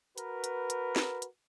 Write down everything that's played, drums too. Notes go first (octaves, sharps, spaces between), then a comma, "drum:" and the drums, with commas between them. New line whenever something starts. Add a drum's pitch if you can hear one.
F#4 A#4 B4, drum: hi-hat
drum: hi-hat
drum: hi-hat
drum: snare
drum: hi-hat